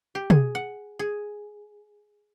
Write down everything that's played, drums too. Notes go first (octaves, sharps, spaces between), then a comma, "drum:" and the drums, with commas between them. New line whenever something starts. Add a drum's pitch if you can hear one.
G4
G#4, drum: tom
F#5
G#4